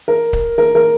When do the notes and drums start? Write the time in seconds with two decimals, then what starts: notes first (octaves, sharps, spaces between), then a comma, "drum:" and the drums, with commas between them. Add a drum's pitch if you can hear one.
0.08 A#4
0.33 drum: kick C#1
0.58 A#4
0.75 A#4